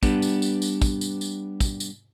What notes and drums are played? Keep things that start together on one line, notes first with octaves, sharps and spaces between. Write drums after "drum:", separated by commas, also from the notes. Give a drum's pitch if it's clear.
G3 B3 D4 G4 B4, drum: kick, tambourine
drum: tambourine
drum: tambourine
drum: tambourine
drum: kick, tambourine
drum: tambourine
drum: tambourine
drum: kick, tambourine
drum: tambourine